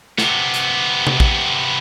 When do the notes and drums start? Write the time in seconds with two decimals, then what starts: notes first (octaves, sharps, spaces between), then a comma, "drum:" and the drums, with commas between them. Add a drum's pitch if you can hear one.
0.18 C3 B3, drum: snare
0.54 drum: hi-hat
1.07 drum: tom C3
1.20 drum: kick